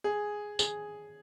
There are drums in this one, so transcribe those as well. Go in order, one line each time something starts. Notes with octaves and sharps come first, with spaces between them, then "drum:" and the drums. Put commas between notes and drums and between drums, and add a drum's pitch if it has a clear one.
G#4
G#4, drum: tambourine